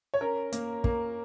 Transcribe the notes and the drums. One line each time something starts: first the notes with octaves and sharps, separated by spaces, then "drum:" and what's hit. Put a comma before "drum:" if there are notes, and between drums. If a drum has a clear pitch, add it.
C#5
C#4 A#4
A#3, drum: hi-hat
A#3, drum: kick